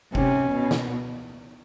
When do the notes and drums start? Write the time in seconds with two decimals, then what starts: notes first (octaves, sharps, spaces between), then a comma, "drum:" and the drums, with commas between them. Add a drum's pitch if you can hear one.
0.15 C3 C#4, drum: kick F#1
0.52 B2
0.71 drum: snare